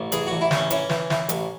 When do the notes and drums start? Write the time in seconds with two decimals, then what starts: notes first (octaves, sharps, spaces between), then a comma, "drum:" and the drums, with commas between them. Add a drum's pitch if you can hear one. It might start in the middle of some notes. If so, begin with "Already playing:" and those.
Already playing: A1
0.12 E3 G#4, drum: hi-hat
0.27 A1 F#4
0.41 E4
0.51 E3, drum: snare
0.56 C#4
0.70 E3 C#4, drum: hi-hat
0.89 E3, drum: snare
1.10 E3, drum: snare
1.29 A1, drum: hi-hat